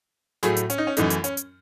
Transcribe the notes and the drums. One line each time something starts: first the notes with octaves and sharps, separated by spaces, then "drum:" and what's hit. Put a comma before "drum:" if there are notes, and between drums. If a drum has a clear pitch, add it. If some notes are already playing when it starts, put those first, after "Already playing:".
A2 F#3 A3 G#4, drum: snare
drum: hi-hat
C#4, drum: hi-hat
D#4
C#4
F#2 E3 A3 D#4, drum: hi-hat
drum: hi-hat
C#4, drum: hi-hat
drum: hi-hat